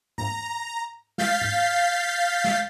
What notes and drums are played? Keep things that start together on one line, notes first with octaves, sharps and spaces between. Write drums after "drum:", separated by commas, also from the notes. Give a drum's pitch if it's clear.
A#5, drum: tom G#2
F5 G6 A6 B6 C7, drum: snare
drum: tom G#2
drum: snare